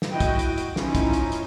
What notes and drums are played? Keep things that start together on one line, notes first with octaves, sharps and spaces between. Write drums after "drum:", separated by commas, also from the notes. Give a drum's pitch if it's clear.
drum: snare
E4 F#4 D#5 G5
drum: kick, hi-hat
drum: hi-hat
drum: hi-hat
F3 C#4 D#4 E4, drum: snare
drum: kick, hi-hat
drum: hi-hat
drum: hi-hat